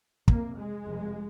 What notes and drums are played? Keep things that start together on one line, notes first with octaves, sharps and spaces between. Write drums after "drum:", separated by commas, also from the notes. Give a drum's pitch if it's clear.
F1 F2 C3 A#3, drum: kick
G#3
F1 F2 C3